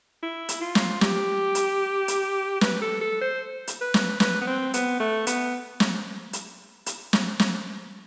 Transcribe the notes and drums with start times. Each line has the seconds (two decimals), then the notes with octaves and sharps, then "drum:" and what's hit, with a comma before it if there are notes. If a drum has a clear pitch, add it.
0.23 E4
0.49 drum: hi-hat
0.61 F4
0.75 drum: snare
1.01 G4, drum: snare
1.55 drum: hi-hat
2.08 drum: hi-hat
2.61 B4, drum: snare
2.82 A4
3.01 A4
3.21 C5
3.67 drum: hi-hat
3.81 B4
3.94 drum: snare
4.20 B4, drum: snare
4.41 B3
4.47 C4
4.74 B3, drum: hi-hat
5.00 A3
5.27 B3, drum: hi-hat
5.80 drum: snare
6.33 drum: hi-hat
6.86 drum: hi-hat
7.13 drum: snare
7.40 drum: snare